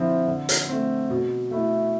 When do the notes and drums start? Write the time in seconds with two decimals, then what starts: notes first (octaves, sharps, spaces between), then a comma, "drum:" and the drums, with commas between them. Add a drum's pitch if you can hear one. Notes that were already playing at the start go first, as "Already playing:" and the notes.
Already playing: D3 F3 C4 E4
0.27 D3
0.49 drum: hi-hat
0.68 A3 C4
1.10 B2
1.51 A3 E4